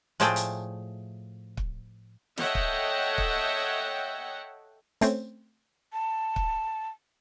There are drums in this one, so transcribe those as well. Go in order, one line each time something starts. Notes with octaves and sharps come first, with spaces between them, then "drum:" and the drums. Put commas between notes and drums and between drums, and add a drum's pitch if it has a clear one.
A2 F3 A3 G#4 D5 G5, drum: hi-hat
drum: hi-hat
drum: kick
A4 C#5 D#5 E5 F#5 G5, drum: snare
drum: kick
drum: kick
A3 C4 C#4, drum: hi-hat
A5
drum: kick